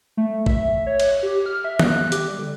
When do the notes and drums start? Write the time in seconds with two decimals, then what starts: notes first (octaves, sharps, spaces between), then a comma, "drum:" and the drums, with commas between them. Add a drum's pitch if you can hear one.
0.17 A3
0.46 E5, drum: kick
0.87 C#5
1.00 drum: cymbal
1.23 G4
1.46 F6
1.64 E5
1.79 F#6, drum: tom
2.12 G4, drum: hi-hat
2.28 G3
2.39 D3